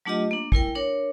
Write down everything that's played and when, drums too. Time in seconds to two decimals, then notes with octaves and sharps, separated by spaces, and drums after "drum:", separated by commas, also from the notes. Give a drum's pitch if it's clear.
0.05 F#3 A3 D4 F4 G4 D#5
0.31 A#3 D4
0.52 G#3 E4 A#4 G5, drum: kick
0.75 D4 A#4 C#5